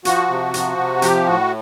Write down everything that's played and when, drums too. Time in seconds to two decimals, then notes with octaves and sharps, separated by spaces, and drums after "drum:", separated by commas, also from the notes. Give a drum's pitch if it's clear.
0.05 F3 F#4, drum: hi-hat
0.29 C3
0.54 F3, drum: hi-hat
0.77 C3
1.02 F3 G4, drum: hi-hat
1.27 A2 F#4